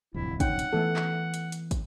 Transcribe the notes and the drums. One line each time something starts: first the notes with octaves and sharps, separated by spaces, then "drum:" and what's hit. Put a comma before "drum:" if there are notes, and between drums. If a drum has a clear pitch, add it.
D1 C2 F2 E4
C#4 D#4 F#5 G5, drum: kick, hi-hat
drum: hi-hat
E3 A3 B3 A4
drum: clap
drum: hi-hat
drum: hi-hat
drum: kick, hi-hat